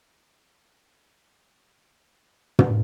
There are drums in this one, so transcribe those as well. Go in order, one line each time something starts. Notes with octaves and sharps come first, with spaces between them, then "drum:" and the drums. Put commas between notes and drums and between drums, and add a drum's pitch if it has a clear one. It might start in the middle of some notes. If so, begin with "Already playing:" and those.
B2 C5
C2 A2 C3 E3 G3
C4 D#4 G#4 A4 C5 A#5
F#3 C#4 D4
B1 B2 D#4 E4 A#5
G2 A#2 D3 A3 D4
drum: tom